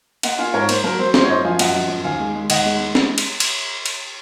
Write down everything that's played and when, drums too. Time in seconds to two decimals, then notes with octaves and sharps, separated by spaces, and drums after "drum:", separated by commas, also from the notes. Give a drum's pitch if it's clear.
0.23 A#3 D#5 F#5, drum: cymbal
0.39 F4 F5 G#5
0.54 G#2 A#4 C#5
0.69 A#3 C5, drum: cymbal
0.84 F#3 A#4
0.99 F#3 C5
1.14 F4 C5, drum: snare
1.24 C#5
1.29 F#2 C5 D#5
1.44 F3 F5 G#5
1.59 F#2 D#5 F#5, drum: cymbal
1.75 F3
1.89 F#2
2.04 D#2 F5 G#5
2.20 G#3
2.35 G#3
2.50 D#2 D#5 F#5, drum: cymbal
2.65 G#3
2.80 G#3
2.95 drum: snare
3.18 drum: cymbal
3.40 drum: cymbal
3.86 drum: cymbal